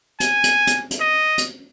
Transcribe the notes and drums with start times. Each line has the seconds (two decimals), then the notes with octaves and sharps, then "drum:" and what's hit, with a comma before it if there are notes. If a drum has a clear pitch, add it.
0.20 G#5, drum: hi-hat
0.44 drum: hi-hat
0.67 drum: hi-hat
0.91 drum: hi-hat
1.00 D#5
1.38 drum: hi-hat